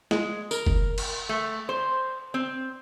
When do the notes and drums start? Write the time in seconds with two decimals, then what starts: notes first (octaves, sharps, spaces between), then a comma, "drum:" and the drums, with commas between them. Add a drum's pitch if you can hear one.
0.11 G#3, drum: snare
0.51 A#4, drum: tambourine
0.66 drum: kick F#1
0.98 drum: cymbal
1.29 A3
1.69 C5
2.34 C4